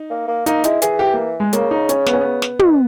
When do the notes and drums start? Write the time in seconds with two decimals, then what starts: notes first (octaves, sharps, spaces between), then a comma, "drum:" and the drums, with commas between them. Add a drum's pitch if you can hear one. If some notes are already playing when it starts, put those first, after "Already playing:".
Already playing: D#4
0.10 A#3
0.28 A#3
0.46 A#3 D#4, drum: hi-hat
0.64 G#3 E4, drum: hi-hat
0.82 E3 G#4, drum: hi-hat
0.99 G4
1.14 A#3
1.40 G#3
1.53 C#3 A#3, drum: hi-hat
1.71 D#4
1.89 C#4, drum: hi-hat
2.06 B3, drum: snare
2.13 C#4
2.21 B3
2.42 drum: snare
2.59 D#3, drum: tom